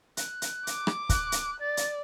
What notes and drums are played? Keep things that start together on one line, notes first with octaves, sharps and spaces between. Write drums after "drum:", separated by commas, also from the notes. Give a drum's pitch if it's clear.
F#6, drum: hi-hat
drum: hi-hat
D6, drum: hi-hat
drum: rim click
F#6, drum: kick, hi-hat
drum: hi-hat
D5 A6
drum: hi-hat